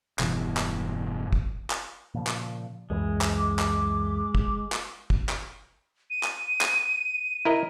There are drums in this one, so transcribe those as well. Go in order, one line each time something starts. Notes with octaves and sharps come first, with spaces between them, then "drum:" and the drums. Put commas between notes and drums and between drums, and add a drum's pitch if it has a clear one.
E1 G2 B2 E3, drum: clap
drum: clap
drum: kick
drum: clap
A#2 C#3 F3
drum: clap
C#2 F#2 E3 G#3
drum: clap
D6
drum: clap
drum: kick
drum: clap
drum: kick
drum: clap
D#7
drum: clap
drum: clap
E4 A#4 D#5